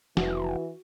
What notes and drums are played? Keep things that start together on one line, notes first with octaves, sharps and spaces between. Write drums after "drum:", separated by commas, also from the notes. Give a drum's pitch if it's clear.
F1 E3 F#4, drum: snare